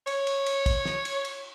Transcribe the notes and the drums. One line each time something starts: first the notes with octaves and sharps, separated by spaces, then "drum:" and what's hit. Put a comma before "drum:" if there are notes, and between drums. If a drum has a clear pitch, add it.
C#5, drum: cymbal
drum: cymbal
drum: cymbal
drum: kick, cymbal
drum: snare
drum: cymbal
drum: cymbal